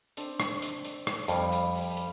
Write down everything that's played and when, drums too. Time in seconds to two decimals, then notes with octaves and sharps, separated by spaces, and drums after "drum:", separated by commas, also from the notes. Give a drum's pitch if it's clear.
0.17 C4 D4, drum: hi-hat
0.40 drum: rim click
0.62 drum: hi-hat
0.85 drum: hi-hat
1.07 drum: rim click
1.28 F2 G3, drum: hi-hat
1.52 drum: hi-hat
1.75 drum: open hi-hat
1.97 drum: hi-hat